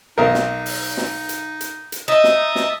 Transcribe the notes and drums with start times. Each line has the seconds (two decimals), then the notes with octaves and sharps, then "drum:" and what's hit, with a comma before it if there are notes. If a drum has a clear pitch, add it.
0.18 B1 D#4 A#4
0.34 drum: snare
0.66 drum: open hi-hat
0.97 drum: snare
1.29 drum: hi-hat
1.61 drum: hi-hat
1.92 drum: hi-hat
2.08 D#4 D#5 E5 A5
2.24 drum: snare
2.55 drum: snare